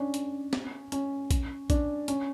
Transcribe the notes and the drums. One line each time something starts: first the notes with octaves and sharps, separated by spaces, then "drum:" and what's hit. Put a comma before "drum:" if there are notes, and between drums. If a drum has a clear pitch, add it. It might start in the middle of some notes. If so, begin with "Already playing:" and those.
Already playing: C#4 D4
drum: hi-hat
drum: snare
C#4, drum: hi-hat
drum: kick A#1, hi-hat
D4, drum: kick A#1, hi-hat
C#4, drum: hi-hat